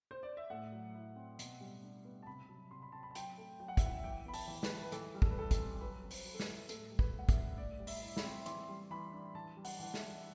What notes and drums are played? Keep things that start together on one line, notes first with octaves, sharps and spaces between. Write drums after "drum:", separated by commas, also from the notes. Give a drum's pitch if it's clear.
C5
D5
E5
A2 F#5
F#3
E4
C4
B2, drum: hi-hat
G3
D4
B3
A5
C3 B5
F#3
C3 C6
B5
C4 A5
B5
A5
F#3 G5, drum: hi-hat
A3
F#3 G5
F#5
E5, drum: kick, hi-hat
E4 F#5
E3 G5
B3 B5
A5, drum: open hi-hat
E3
B4, drum: snare
E4
B4
E3 A4, drum: hi-hat
G3
A4, drum: kick
B4
E4 A4
A4, drum: kick, hi-hat
C4
F#3 B4
C4
C5, drum: open hi-hat
F#3
A4
B4, drum: snare
E4
A2 A4, drum: hi-hat
G3
B4, drum: kick
A2
F#5
E5, drum: kick, hi-hat
D4
A2 D5
G3
E5, drum: open hi-hat
E4
B5, drum: snare
C4
E3 C6, drum: hi-hat
G3
E3 B5
D4
E3 A5
G3
F#5, drum: open hi-hat
E3 F#5
E5, drum: snare
D4